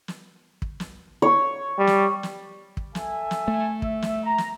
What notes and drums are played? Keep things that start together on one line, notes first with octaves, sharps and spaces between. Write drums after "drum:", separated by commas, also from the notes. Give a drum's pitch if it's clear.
drum: snare
drum: kick
drum: snare
C#5
G3
drum: snare
drum: snare
drum: kick
A4 E5 G#5, drum: snare
drum: snare
A3
E5, drum: kick
drum: snare
A#5
drum: snare